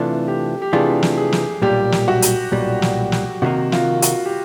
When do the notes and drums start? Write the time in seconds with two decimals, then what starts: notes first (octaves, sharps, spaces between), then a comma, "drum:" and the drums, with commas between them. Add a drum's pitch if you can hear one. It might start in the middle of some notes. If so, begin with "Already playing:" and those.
Already playing: C3 E3 A3 D4 F4
0.28 G4
0.62 G4
0.73 C3 E3 A3 D4 F4 G#4
1.03 drum: snare
1.17 G#4
1.32 drum: snare
1.62 B1 A#2 G3 G4
1.92 drum: snare
2.08 F#4
2.22 drum: hi-hat
2.52 B1 A#2 G3
2.82 drum: snare
3.12 drum: snare
3.42 C3 D#3 G3 A#3 D#4 F#4
3.72 F4, drum: snare
4.02 F#4, drum: hi-hat
4.25 G4